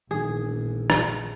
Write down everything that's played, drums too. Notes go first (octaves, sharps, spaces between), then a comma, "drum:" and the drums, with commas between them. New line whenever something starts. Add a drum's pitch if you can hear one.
E1 A#1 D#3 G#4
drum: rim click